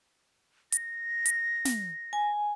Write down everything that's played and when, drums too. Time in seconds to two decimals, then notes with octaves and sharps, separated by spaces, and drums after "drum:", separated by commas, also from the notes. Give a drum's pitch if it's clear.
0.72 A#6, drum: hi-hat
1.26 drum: hi-hat
1.65 drum: snare
2.13 G#5